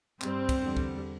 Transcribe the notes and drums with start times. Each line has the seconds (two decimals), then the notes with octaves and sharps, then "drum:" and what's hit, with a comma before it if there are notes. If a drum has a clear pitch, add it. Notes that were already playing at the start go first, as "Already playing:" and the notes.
0.22 G2 G3 C4, drum: clap
0.49 drum: kick, cymbal
0.63 E2 D3 G3
0.77 drum: kick